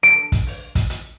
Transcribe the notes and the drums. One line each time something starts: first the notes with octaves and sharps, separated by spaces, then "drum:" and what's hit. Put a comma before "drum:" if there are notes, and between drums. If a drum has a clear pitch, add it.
D7
drum: kick, hi-hat
drum: open hi-hat
drum: kick, hi-hat
drum: hi-hat